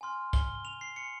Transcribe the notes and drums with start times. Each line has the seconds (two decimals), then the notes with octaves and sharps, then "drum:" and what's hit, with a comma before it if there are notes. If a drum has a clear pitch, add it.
0.01 G#5 C6 F6
0.33 G#5 C6 F6 G7, drum: kick
0.65 G#5 C6 F6 F7
0.81 C7
0.96 G#5 C6 F6 C#7